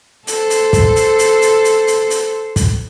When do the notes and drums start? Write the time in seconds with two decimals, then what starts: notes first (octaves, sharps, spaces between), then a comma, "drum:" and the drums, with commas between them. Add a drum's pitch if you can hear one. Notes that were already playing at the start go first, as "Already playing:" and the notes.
0.27 A4 C5, drum: hi-hat
0.50 drum: hi-hat
0.73 drum: kick, hi-hat
0.96 drum: hi-hat
1.19 drum: hi-hat
1.42 drum: hi-hat
1.64 drum: hi-hat
1.87 drum: hi-hat
2.10 drum: hi-hat
2.56 drum: kick, hi-hat